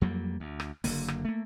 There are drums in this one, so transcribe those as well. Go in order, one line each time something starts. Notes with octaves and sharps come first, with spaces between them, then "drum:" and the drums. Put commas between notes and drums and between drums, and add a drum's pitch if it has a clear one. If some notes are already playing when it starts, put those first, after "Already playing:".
F2 F#3 G3 A#3
D2
drum: rim click
F#1 D3 A#3, drum: open hi-hat
drum: rim click
A3 A#3